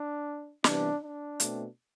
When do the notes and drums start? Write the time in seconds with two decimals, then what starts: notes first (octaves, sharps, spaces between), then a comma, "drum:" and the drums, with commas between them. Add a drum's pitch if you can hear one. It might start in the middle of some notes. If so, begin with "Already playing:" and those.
Already playing: D4
0.64 C3 E3 G3 B3 D4, drum: snare
1.02 D4
1.40 B2 A3 C4, drum: hi-hat